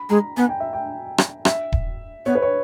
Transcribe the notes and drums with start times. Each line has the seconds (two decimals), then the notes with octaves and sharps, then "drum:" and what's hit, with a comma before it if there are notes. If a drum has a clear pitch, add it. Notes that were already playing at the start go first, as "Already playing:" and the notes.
Already playing: B5
0.10 G#3 A#5
0.37 B3 G#5
0.49 G5
0.60 E5
0.73 G5
1.18 drum: rim click
1.45 E5, drum: rim click
1.72 drum: kick D#1
2.26 B3 C#5
2.35 B4
2.42 C#5